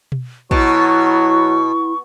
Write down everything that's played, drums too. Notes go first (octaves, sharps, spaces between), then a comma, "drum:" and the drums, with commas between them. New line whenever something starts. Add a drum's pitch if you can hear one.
drum: tom B2
B2 F#3 E4 C#6, drum: kick